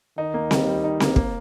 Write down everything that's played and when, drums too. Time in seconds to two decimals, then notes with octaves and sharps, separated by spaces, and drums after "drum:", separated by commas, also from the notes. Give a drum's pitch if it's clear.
0.18 D#3 D#4
0.34 A#3
0.51 G3, drum: snare C4
0.67 G3
0.84 D#4
1.00 A#3, drum: snare C4
1.16 A#3, drum: kick